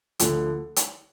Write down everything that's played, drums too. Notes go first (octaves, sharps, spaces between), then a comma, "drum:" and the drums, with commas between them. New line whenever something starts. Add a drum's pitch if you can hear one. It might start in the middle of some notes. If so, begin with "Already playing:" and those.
D2 D3 F3, drum: hi-hat
drum: hi-hat